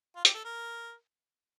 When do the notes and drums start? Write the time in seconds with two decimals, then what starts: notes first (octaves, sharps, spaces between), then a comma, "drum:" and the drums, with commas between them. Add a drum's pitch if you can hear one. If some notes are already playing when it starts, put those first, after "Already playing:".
0.16 F4
0.25 G4, drum: hi-hat
0.35 A4
0.45 A#4